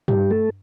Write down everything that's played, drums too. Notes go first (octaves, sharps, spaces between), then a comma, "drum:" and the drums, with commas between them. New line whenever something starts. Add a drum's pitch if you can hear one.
G3 G4, drum: tom G2
A3 A4